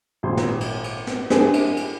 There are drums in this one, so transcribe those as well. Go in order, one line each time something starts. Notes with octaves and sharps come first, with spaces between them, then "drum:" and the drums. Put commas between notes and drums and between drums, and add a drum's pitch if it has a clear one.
G#1 A#2 C6
drum: snare
drum: cymbal
drum: cymbal
drum: snare
C4 D4 G4 G#4 A#4 B4, drum: snare
drum: cymbal
drum: cymbal